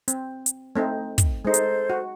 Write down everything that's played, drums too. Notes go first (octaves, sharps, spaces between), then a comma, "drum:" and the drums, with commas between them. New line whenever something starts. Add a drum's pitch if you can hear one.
C4, drum: hi-hat
drum: hi-hat
A3 C4 D#4
drum: kick, hi-hat
G#3 D#4 A4 C5
drum: hi-hat
F#4